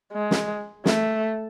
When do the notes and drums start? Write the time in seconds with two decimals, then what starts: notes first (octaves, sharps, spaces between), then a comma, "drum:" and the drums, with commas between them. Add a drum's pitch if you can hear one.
0.13 G#3
0.31 drum: snare
0.86 A3, drum: snare